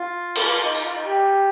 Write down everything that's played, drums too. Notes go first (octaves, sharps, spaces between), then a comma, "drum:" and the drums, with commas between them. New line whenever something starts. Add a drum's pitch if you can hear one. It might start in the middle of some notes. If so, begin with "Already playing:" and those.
Already playing: F4
drum: cymbal
D#4
D#4, drum: tambourine
F4
D#4
G4